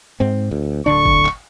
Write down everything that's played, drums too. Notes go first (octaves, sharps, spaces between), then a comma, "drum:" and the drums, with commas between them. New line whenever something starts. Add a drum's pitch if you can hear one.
G#2 C4
D2
D1 D3 D4 C#6
drum: kick
drum: clap